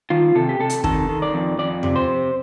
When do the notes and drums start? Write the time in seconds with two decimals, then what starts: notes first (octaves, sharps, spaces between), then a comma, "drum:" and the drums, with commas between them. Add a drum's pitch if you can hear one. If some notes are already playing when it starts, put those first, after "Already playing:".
0.10 D#3 F4
0.35 C3 A4
0.49 G4
0.59 C3 A4
0.70 drum: hi-hat
0.84 D#3 A4, drum: kick
1.09 D#3
1.22 D5
1.34 F2
1.58 F2 D5
1.83 C3, drum: tom E2
1.96 C5